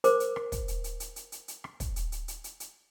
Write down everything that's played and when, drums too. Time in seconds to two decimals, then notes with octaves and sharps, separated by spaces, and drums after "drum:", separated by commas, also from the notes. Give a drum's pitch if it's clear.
0.04 A#4 C5 D6, drum: hi-hat
0.20 drum: hi-hat
0.36 drum: rim click
0.52 drum: kick, hi-hat
0.68 drum: hi-hat
0.84 drum: hi-hat
1.00 drum: hi-hat
1.16 drum: hi-hat
1.32 drum: hi-hat
1.48 drum: hi-hat
1.64 drum: rim click
1.80 drum: kick, hi-hat
1.96 drum: hi-hat
2.12 drum: hi-hat
2.28 drum: hi-hat
2.44 drum: hi-hat
2.60 drum: hi-hat